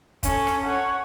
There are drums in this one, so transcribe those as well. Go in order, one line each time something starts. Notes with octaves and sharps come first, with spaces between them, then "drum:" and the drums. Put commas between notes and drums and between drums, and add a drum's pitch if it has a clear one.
C#4 A4, drum: kick, hi-hat
drum: rim click
C#5 F#5